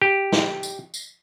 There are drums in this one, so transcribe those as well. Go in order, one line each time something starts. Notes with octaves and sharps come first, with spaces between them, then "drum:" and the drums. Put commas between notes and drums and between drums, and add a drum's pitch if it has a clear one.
G4
drum: snare
drum: tambourine
drum: tambourine